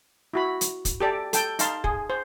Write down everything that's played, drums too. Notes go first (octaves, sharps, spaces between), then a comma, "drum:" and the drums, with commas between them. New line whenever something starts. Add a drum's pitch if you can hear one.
E4 F#4 B5
drum: hi-hat
drum: kick, hi-hat
G4 A4 D5
A4 G5, drum: hi-hat
D#4 F5 A5 C6, drum: hi-hat
G#4, drum: kick
C5